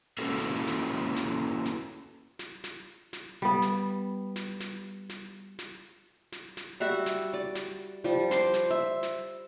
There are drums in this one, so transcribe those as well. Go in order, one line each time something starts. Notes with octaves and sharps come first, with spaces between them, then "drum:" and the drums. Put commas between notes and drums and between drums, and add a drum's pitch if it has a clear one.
A#3 C#4 E4 F#4 A4 B4
drum: snare
drum: snare
drum: snare
drum: snare
drum: snare
drum: snare
G3 B3
drum: snare
drum: snare
drum: snare
drum: snare
drum: snare
drum: snare
drum: snare
G3 F#4 E5 F#5
drum: snare
D5
drum: snare
F3 G3
C5 C6 D6, drum: snare
drum: snare
E5
drum: snare